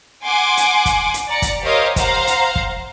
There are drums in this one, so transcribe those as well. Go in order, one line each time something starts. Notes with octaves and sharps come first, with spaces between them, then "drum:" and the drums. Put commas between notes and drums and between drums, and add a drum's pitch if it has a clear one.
F#5 G#5 C6 D6
drum: hi-hat
drum: kick, hi-hat
drum: hi-hat
D5 A#5 C#7
drum: kick, hi-hat
G4 A#4 C5 C#5 D#5 F5
C5 F5 F#5 A#5, drum: kick, hi-hat
drum: hi-hat
drum: kick